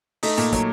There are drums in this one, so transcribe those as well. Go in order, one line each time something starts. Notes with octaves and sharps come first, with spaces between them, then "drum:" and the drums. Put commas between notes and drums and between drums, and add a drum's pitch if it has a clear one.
A3 D#4, drum: open hi-hat
A#2, drum: hi-hat
F#3, drum: kick, hi-hat